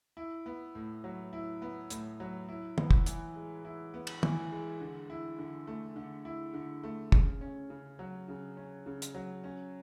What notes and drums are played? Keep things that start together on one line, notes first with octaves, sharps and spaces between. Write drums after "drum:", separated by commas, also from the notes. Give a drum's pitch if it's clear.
E4
B3
A2
F#3
E4
B3
A2, drum: hi-hat
F#3
E4
B3, drum: tom
drum: kick
E3, drum: hi-hat
G#3
E4
B3
drum: cymbal
E3, drum: tom
G#3
D3
E4
D3
A3
D3
E4
D3
A3
C#3, drum: kick
C#4
C#3
F#3
C#3
C#4
C#3
drum: hi-hat
F#3
C#4